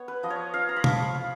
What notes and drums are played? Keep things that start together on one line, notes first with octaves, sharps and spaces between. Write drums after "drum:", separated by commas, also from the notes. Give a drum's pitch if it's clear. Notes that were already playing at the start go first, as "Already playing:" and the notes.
Already playing: B3 C#5
B4
F3 D#5
C#5
F4 F5
A#5
B5
F3, drum: tom
C#6
F4